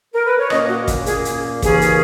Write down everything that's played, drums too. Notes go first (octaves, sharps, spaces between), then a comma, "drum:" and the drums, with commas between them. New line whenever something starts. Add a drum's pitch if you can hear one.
A#4
B4
C#5
A#2 A#3 C#4 D#5, drum: rim click
F#4
drum: kick, hi-hat
A#2 A#3 C#4 G#4, drum: hi-hat
drum: hi-hat
D#2 C#3 E3 A#3 C#4 G#4, drum: kick, hi-hat
drum: hi-hat